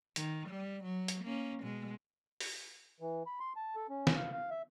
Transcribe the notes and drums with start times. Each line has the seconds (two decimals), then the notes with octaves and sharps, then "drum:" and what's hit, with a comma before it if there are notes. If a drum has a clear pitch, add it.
0.16 D#3, drum: hi-hat
0.48 G3
0.84 F#3
1.08 drum: hi-hat
1.24 A#3 C#4
1.63 B2 G#3
2.41 drum: open hi-hat
3.00 E3
3.26 B5
3.40 C6
3.56 A5
3.76 A4
3.89 C#4
4.07 drum: snare
4.16 F5
4.33 F5
4.50 E5